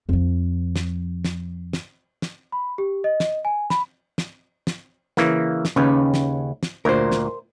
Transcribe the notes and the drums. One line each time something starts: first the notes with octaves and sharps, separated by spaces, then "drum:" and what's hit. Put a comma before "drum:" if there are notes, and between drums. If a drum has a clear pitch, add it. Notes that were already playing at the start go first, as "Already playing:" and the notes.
F2 F3
drum: snare
drum: snare
drum: snare
drum: snare
B5
G4
D#5
drum: snare
G#5
B5, drum: snare
drum: snare
drum: snare
C#3 E3 A#3, drum: snare
drum: snare
D#2 C#3 C#4 B4
drum: snare
drum: snare
D2 A#2 A#4 C5
drum: snare